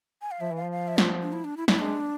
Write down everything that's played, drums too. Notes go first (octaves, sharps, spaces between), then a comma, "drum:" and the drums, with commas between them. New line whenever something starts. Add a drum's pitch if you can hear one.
G#5
F5
F3 E5
E3 F5
F3
F5
E5
F4, drum: snare
D4
E4
D4
E4
E4, drum: snare
G#3 D4